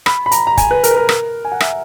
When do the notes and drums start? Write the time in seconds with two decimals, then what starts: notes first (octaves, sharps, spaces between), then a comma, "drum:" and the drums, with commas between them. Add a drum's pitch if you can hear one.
0.06 B5, drum: rim click
0.26 B5
0.31 A#5, drum: hi-hat
0.47 A#5
0.57 G#5, drum: kick, hi-hat
0.71 B4
0.84 A#4, drum: hi-hat
0.91 B4
0.96 A#4
1.09 A#4, drum: rim click
1.45 G#5
1.52 F#5
1.60 E5, drum: rim click